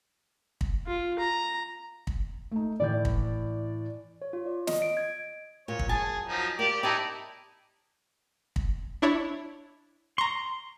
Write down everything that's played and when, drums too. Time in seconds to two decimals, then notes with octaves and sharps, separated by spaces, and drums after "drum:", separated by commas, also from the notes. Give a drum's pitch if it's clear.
0.61 drum: kick
0.87 F4
1.19 A#5
2.07 drum: kick
2.52 A3 D#4
2.80 A2 E3 D5 G6
3.05 drum: kick
4.22 C#5
4.33 F4
4.46 D5
4.67 D#5, drum: snare
4.82 D7
4.97 G#6
5.68 A#2 C#5
5.79 drum: kick
5.89 F#2 G#4 G#5 A5
6.28 F3 F#3 D#4
6.59 A#3 G4 D5
6.83 D#4 E4 G4 D5 G5 A5
8.56 drum: kick
9.02 D4 E4 C#5
10.18 A#5 C6 C#6